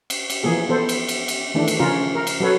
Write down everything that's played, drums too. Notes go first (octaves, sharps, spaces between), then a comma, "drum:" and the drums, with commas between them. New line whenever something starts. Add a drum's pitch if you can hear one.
drum: cymbal
drum: cymbal
E3 F3 A#3 G#4
B3 A4 C5
drum: cymbal
drum: cymbal
drum: cymbal
D#3 E3 A3 D4
drum: cymbal
C#3 F3 C#4 F4 A#4
A#4
drum: cymbal
F#3 F#4 A4 B4 C#5